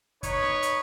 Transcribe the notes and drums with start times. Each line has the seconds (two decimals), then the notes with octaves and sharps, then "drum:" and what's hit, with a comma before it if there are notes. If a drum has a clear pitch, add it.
0.23 D#4 B4 C#5, drum: kick, hi-hat
0.43 drum: snare
0.63 drum: hi-hat